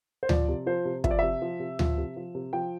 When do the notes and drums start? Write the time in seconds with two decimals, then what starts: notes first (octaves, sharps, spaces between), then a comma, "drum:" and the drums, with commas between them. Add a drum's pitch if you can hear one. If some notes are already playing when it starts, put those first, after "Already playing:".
0.23 C5
0.29 F3 D5, drum: tom D2
0.48 C3
0.66 F3 C5
0.85 C3
1.04 F3 E5, drum: kick
1.11 D5
1.19 C3 E5
1.42 F3
1.59 C3
1.79 F3, drum: tom D2
1.97 C3
2.16 F3
2.35 C3
2.53 F3 G5